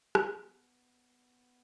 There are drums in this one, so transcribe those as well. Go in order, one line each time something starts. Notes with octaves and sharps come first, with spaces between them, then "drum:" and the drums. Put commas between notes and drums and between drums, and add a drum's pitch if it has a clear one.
B3, drum: rim click